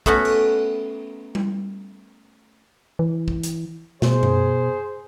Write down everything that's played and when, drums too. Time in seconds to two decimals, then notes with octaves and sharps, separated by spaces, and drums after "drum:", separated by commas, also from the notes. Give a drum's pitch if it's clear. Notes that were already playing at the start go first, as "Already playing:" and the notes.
0.06 A3 B3 C#4 F#4, drum: kick
0.25 drum: cymbal
1.35 drum: tom G3
2.99 E3
3.28 drum: kick
3.43 drum: hi-hat
4.02 B2 G#4 C5, drum: snare
4.23 drum: tom F#2